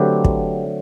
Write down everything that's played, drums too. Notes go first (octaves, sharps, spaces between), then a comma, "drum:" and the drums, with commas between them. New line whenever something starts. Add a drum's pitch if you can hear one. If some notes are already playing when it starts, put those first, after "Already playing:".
Already playing: D3 F#3 A3 C4 G4 B4
drum: kick